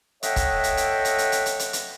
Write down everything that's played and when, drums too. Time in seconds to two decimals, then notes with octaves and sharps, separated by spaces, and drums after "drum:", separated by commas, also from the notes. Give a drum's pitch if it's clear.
0.23 A4 C#5 D#5 E5 F#5 G5, drum: hi-hat
0.36 drum: kick, hi-hat
0.64 drum: hi-hat
0.77 drum: hi-hat
1.05 drum: hi-hat
1.18 drum: hi-hat
1.32 drum: hi-hat
1.46 drum: hi-hat
1.59 drum: hi-hat
1.73 drum: hi-hat